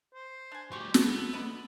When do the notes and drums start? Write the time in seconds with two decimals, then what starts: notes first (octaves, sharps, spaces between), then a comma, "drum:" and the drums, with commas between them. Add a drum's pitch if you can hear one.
0.14 C5
0.52 D4 G#5
0.72 F#3 G#3 G4 C6 C#6
0.94 B3 B4 A5, drum: snare
1.07 A4
1.33 D3 D#5 B5